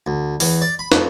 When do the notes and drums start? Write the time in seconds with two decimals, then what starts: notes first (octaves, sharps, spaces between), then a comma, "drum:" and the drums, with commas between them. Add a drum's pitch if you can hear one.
0.07 D2
0.40 E2, drum: open hi-hat
0.62 D5
0.79 B5
0.92 F2, drum: snare